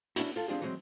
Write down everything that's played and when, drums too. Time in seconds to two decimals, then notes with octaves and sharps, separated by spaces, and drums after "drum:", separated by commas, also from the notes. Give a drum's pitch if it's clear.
0.16 B3 C#4 D4 E4 F#4, drum: hi-hat
0.36 F4 A4
0.48 F3 C4 D4 F4 G4 G#4
0.61 D3 E3 F#3 G#3 C4